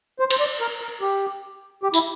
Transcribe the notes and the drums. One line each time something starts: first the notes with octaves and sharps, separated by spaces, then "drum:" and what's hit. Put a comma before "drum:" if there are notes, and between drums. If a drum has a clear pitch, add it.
C5
C5, drum: cymbal
D5
A#4
A#4
G4
G4
E4, drum: tambourine